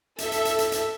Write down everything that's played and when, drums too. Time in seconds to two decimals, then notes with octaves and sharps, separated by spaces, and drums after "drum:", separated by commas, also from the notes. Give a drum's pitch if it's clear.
0.18 A4 E5, drum: hi-hat
0.32 drum: hi-hat
0.45 drum: hi-hat
0.59 drum: hi-hat
0.72 drum: hi-hat